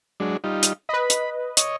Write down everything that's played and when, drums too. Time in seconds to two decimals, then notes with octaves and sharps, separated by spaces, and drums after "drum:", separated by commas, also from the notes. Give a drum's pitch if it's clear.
0.20 F#3 G#3 D4
0.44 G3 D#4 F4
0.63 drum: hi-hat
0.89 B4 D#5 B5
1.10 drum: hi-hat
1.57 C#5 D#5, drum: hi-hat